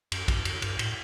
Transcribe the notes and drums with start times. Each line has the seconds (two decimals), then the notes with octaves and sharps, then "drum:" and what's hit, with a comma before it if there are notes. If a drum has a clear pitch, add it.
0.12 F#2, drum: cymbal
0.28 G2, drum: kick, cymbal
0.45 F#2, drum: cymbal
0.62 G2, drum: cymbal
0.79 A2, drum: cymbal